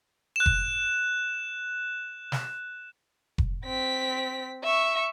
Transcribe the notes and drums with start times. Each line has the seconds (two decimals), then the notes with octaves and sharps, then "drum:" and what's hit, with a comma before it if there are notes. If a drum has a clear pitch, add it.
0.36 F#6 E7
0.46 drum: kick F1
2.32 drum: snare
3.38 drum: kick F1
3.65 C4 B6
4.64 E5 C#6